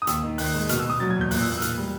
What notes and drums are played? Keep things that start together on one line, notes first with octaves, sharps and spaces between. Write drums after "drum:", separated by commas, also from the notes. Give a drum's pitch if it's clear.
D#6
D#2 E6, drum: hi-hat
D#3
D#2 F#6, drum: open hi-hat
G#3
B2 F6, drum: hi-hat
E6
B2 D#6
F#3 A6
G#6
E2 G6
A#2 F#6, drum: open hi-hat
E6
A#2
F#6
E6
A#2 F6, drum: hi-hat
G3